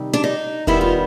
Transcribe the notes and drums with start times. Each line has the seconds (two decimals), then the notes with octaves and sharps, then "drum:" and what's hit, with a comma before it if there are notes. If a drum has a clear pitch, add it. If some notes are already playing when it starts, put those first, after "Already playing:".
Already playing: C3 D#3 G3
0.13 D4
0.24 D#4
0.67 D#3 G3 B3 E4, drum: kick E1
0.81 F4